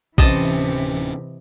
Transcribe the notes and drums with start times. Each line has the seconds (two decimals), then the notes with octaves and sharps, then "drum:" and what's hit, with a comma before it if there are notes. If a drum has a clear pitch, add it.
0.18 D1 C3 E3 C#4 D#5 A5, drum: kick